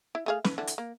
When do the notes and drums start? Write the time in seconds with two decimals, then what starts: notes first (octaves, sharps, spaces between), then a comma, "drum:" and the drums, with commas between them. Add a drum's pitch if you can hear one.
0.15 E4
0.26 A3 G#4 F5
0.44 B4, drum: snare
0.58 D3 E3 D4
0.67 drum: hi-hat
0.78 A#3